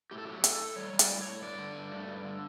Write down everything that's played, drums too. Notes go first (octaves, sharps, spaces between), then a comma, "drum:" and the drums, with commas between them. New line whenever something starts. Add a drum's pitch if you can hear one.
A2 G4
A4
F#3 G4
A2 A4, drum: hi-hat
A3
G3 C#5
G3
D5, drum: hi-hat
A2
A2 C#5
G2 D5
D3
G2
A3
G2
D3